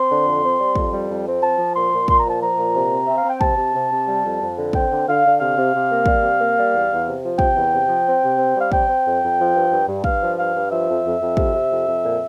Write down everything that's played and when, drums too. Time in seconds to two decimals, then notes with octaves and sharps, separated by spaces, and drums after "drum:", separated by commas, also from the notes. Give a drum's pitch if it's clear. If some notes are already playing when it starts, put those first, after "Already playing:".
Already playing: C4 C6
0.09 D3
0.26 F2
0.42 C4
0.59 G3
0.75 F2, drum: kick
0.91 G3
1.09 F2
1.25 C4
1.42 F3 A5
1.59 F3
1.75 A#2 C6
1.91 A#2
2.08 A#2 C6, drum: kick
2.19 A#5
2.24 F3
2.30 A5
2.41 F3 A#5
2.57 A#2
2.74 C3
2.91 C4
3.07 C4 E5
3.18 F5
3.24 C4
3.30 G5
3.41 C3 A5, drum: kick
3.57 C3
3.74 C3
3.90 C3
4.07 G3
4.24 F2
4.41 F2
4.57 D3
4.73 C4 G5, drum: kick
4.90 D3
5.07 D3 F5
5.23 D3
5.40 C3 F5
5.57 C3
5.73 C3
5.90 A#3
6.06 G3, drum: kick
6.23 C3
6.39 A#3
6.56 G3
6.73 E2
6.89 E2
7.06 C3
7.22 F3
7.39 C3 G5, drum: kick
7.55 E2
7.72 C3
7.89 F3
8.05 C4
8.21 C3
8.38 C4
8.55 G3
8.61 F5
8.72 C4 G5, drum: kick
8.89 C4
9.05 F2
9.22 F2
9.39 F3
9.55 G2
9.71 G2
9.87 G2
10.04 G2 F5, drum: kick
10.21 F3
10.38 G2 F5
10.54 G2
10.70 F3 E5
10.88 F2
11.04 F2
11.20 F2
11.37 C3, drum: kick
11.54 C3
11.70 F2
11.87 F2
12.03 A#2